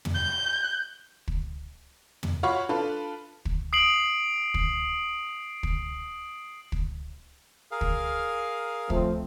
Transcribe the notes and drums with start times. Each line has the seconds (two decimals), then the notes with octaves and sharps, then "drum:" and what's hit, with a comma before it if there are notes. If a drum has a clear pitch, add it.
0.05 drum: tom
0.14 G6
1.28 drum: kick
2.23 drum: tom
2.43 F4 F#4 C#5 F5 B5 C#6
2.69 D4 F4 A4 B4
3.45 drum: kick
3.73 D#6 C7 D7 F#7
4.54 drum: kick
5.63 drum: kick
6.72 drum: kick
7.71 G#4 A#4 F5
7.81 drum: kick
8.90 F3 A3 C4, drum: kick